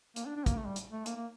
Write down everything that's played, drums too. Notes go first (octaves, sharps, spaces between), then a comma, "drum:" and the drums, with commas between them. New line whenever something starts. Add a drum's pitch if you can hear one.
A#3, drum: hi-hat
D4
D4
A#3, drum: kick, hi-hat
A3
G3
drum: hi-hat
A3
A#3, drum: hi-hat
A#3